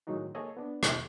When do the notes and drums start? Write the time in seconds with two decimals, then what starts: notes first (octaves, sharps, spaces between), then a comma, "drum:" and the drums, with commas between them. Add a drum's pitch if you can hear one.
0.07 A2 D#3 F#3 G#3 D#4 F#4
0.35 A#3 G#4 A4 C#5 D#5
0.57 B3 D4
0.83 drum: rim click